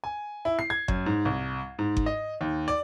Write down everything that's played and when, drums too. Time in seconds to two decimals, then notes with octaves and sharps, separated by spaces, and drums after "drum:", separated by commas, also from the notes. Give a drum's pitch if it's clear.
0.04 G#5
0.45 E4
0.59 C7
0.70 G#6
0.88 F#2, drum: kick G1
1.06 G#2
1.25 C2
1.79 G#2
1.97 drum: kick G1
2.06 D#5
2.41 D#2
2.68 D5